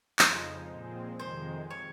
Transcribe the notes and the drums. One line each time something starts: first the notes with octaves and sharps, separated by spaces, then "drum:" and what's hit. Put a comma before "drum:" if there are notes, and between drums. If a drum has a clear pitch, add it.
F2 C#3 F3 G#3 D#4 C5, drum: clap
A#2 G#3 C4
F2 C3 D#3 G#3 C5
C#5